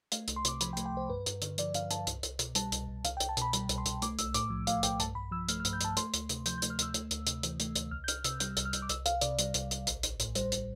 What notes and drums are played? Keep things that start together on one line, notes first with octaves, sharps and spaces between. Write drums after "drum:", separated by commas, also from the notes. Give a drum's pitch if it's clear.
A3 F5, drum: hi-hat
C2, drum: hi-hat
C6
C3 D6, drum: hi-hat
F3 B5, drum: hi-hat
G5
A3, drum: hi-hat
G5
C2 C5
G2 B4
G2, drum: hi-hat
D3, drum: hi-hat
F3 D5, drum: hi-hat
G2 F5, drum: hi-hat
G2 A5, drum: hi-hat
C2, drum: hi-hat
C2, drum: hi-hat
B2, drum: hi-hat
G3 A5, drum: hi-hat
C2, drum: hi-hat
C2
C2 F5, drum: hi-hat
G5
C2, drum: hi-hat
A5
B2 B5, drum: hi-hat
G3 B5, drum: hi-hat
C2, drum: hi-hat
C6
C2, drum: hi-hat
A3 D6, drum: hi-hat
B1 E6, drum: hi-hat
A2 D6, drum: hi-hat
F3
A3 F5, drum: hi-hat
B1 G5, drum: hi-hat
G2 A5, drum: hi-hat
G2 B5
F3 E6
A3 F6, drum: hi-hat
F6
G2, drum: hi-hat
G6
G2 A5, drum: hi-hat
A3 C6, drum: hi-hat
D2, drum: hi-hat
C3, drum: hi-hat
F3 G6, drum: hi-hat
G6
A3, drum: hi-hat
F6
D2 E6, drum: hi-hat
A3, drum: hi-hat
D2, drum: hi-hat
C3, drum: hi-hat
E3, drum: hi-hat
A3, drum: hi-hat
D2, drum: hi-hat
C2 F6
G6
C2 F6, drum: hi-hat
C3 E6, drum: hi-hat
G3 G6, drum: hi-hat
C2, drum: hi-hat
F6
C2, drum: hi-hat
D6
C2 E6, drum: hi-hat
C2 F5, drum: hi-hat
C3 D5, drum: hi-hat
G3, drum: hi-hat
C2, drum: hi-hat
C2, drum: hi-hat
A1, drum: hi-hat
A1, drum: hi-hat
A2, drum: hi-hat
G3 C5, drum: hi-hat
drum: hi-hat